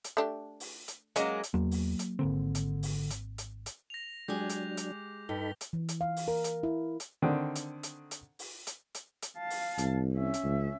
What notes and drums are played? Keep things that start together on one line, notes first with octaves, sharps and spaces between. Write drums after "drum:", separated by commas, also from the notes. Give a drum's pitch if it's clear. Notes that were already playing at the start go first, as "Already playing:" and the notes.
drum: hi-hat
A3 D4 G4
drum: open hi-hat
drum: hi-hat
F#3 G#3 A#3 C#4 F#4, drum: hi-hat
drum: hi-hat
E2 F#3 A#3
drum: open hi-hat
drum: hi-hat
G#1 D3 A#3 C4
drum: hi-hat
drum: open hi-hat
drum: hi-hat
drum: hi-hat
drum: hi-hat
A#6 F7
F#3 G#3 D4 G4 G#4 D6 G6
drum: hi-hat
drum: hi-hat
G2 D#4 A4 B5 G7
drum: hi-hat
E3
drum: hi-hat
F5
drum: open hi-hat
A#4
drum: hi-hat
E4
drum: hi-hat
D3 D#3 C4
drum: hi-hat
drum: hi-hat
drum: hi-hat
drum: open hi-hat
drum: hi-hat
drum: hi-hat
drum: hi-hat
F5 A5
drum: open hi-hat
C2, drum: hi-hat
C#4 E5
drum: hi-hat
C#2